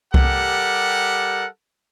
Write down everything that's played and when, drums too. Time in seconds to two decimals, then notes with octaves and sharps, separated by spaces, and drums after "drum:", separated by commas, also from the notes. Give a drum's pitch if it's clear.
0.14 G3 G4 A4 A#4 F#5, drum: kick C2